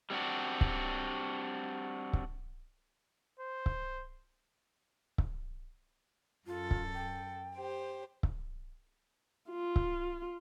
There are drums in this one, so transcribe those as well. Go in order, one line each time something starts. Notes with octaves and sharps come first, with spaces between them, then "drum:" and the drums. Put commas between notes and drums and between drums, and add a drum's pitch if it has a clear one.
G3 C4 D4 F#4
drum: kick C#1
drum: kick C#1
C5
drum: kick C#1
drum: kick C#1
F#2 F4 A4
drum: kick C#1
G5
G4 C5
drum: kick C#1
F4
drum: kick C#1